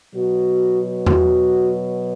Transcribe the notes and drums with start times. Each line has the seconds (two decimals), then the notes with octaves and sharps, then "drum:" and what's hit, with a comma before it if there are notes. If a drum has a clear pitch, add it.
0.13 B2 F#3 F#4
1.06 F#4, drum: tom E2